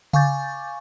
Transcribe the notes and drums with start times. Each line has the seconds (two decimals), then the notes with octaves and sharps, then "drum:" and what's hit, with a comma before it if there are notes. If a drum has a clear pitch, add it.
0.13 F5 G#5 C#6 D6 G6 A6, drum: tom C#3